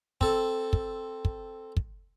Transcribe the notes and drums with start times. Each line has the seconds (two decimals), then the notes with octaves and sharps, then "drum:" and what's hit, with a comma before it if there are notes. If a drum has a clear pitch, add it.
0.21 C4 A4, drum: kick
0.73 drum: kick
1.25 drum: kick
1.77 drum: kick